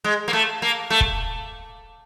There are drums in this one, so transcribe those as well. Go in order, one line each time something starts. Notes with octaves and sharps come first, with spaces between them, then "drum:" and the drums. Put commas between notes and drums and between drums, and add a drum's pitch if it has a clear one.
G#3
A#3
A3
A#3
A3
drum: kick